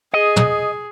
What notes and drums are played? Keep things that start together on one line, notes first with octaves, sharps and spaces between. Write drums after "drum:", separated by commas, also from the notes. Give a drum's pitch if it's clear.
G#4 D#5
drum: tom